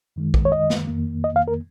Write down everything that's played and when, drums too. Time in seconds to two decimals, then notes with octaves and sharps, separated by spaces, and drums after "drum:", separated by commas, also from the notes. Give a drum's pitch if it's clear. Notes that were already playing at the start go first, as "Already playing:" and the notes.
0.16 F#2 D#3 G#3
0.34 drum: kick A#1
0.45 C#5
0.52 D#5
0.70 drum: snare
0.87 F2 D#3 A#3
1.24 D#5
1.36 F5
1.48 A#4